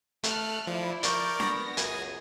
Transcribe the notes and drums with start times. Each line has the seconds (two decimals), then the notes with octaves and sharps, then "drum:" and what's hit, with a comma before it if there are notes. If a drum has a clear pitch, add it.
0.23 A3 A5 F6 F#6, drum: hi-hat
0.67 F3 E4 D5
1.03 A#4 D5 C#6 G6 A6, drum: hi-hat
1.40 B3 A#6, drum: snare D4
1.77 C#2 F#2 G#4 G#5, drum: hi-hat